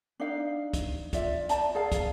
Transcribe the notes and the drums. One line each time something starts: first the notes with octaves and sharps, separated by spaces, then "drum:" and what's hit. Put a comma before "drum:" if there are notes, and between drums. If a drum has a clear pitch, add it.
D4 D#4 F5
drum: kick, hi-hat
F4 D5 E5, drum: kick, hi-hat
D5 G5 A5 A#5, drum: hi-hat
G#4 A4 D5 F5
drum: kick, hi-hat